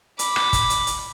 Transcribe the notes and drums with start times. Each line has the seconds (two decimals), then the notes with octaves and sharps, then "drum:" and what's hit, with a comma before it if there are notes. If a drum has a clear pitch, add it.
0.19 B5 D6, drum: hi-hat
0.36 drum: rim click
0.53 drum: kick, hi-hat
0.70 drum: hi-hat
0.87 drum: hi-hat